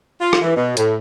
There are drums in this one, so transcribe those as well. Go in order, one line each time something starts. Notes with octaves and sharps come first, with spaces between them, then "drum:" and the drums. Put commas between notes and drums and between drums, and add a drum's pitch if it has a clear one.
F4
drum: rim click
E3
B2
A2, drum: hi-hat